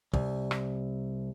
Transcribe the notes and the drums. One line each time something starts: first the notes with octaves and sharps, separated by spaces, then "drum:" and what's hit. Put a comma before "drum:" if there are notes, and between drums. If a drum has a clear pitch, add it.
C2, drum: kick
drum: rim click